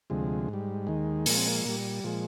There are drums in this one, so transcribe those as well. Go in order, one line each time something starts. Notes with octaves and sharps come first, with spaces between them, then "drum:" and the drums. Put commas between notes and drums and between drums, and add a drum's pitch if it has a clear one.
D2 C3 F3 G#3
G#2 G3
D#2 D#3 G#3
A#2 F3 G#3 A#3, drum: open hi-hat
C4
A#3
A#2 G3
A#2 F3 G#3